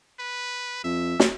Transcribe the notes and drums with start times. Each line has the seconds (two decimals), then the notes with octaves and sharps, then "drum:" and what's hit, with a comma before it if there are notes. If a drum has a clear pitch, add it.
0.20 B4
0.84 F2 E5
1.20 drum: snare